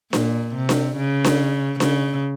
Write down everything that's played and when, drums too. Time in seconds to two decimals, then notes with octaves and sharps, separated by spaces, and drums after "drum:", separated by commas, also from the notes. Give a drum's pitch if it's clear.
0.13 A#2, drum: snare D4
0.55 C3
0.69 drum: snare D4
0.97 C#3
1.24 drum: snare D4
1.80 C#3, drum: snare D4